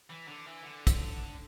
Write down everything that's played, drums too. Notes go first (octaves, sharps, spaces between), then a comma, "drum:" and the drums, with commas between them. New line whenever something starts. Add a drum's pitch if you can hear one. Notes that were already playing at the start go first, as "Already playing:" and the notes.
E3
D3
E3
D3
drum: kick, hi-hat